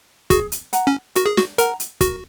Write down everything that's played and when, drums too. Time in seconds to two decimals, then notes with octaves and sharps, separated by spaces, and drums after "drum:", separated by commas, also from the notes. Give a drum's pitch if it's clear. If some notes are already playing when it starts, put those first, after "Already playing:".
0.30 F#4 G#4, drum: kick, hi-hat
0.52 drum: hi-hat
0.73 F#5 A#5, drum: hi-hat
0.87 C#4
1.15 F#4 A#4, drum: hi-hat
1.26 G#4
1.37 F#4, drum: snare
1.58 A#4 F#5 A#5, drum: hi-hat
1.80 drum: hi-hat
2.01 F#4 A#4, drum: kick, hi-hat